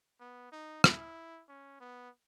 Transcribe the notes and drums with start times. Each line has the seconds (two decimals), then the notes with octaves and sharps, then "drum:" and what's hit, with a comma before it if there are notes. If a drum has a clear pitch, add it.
0.20 B3
0.52 D#4
0.84 E4, drum: rim click
1.49 C#4
1.80 B3